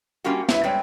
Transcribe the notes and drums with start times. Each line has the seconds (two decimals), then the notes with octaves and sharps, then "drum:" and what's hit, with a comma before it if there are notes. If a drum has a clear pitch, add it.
0.24 G3 A#3 C#4 F4 F#4
0.49 E4 B4, drum: snare
0.64 G3 G#3 C4 B4 C#5 G5